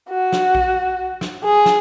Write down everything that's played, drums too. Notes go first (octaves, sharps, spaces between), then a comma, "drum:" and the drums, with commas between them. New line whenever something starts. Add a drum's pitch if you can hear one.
F#4
drum: snare
drum: kick A#1
drum: snare
G#4
drum: snare